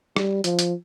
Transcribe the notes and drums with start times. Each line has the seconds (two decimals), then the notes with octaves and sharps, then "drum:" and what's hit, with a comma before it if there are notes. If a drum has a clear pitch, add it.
0.16 G3, drum: rim click
0.44 F3, drum: hi-hat
0.59 drum: hi-hat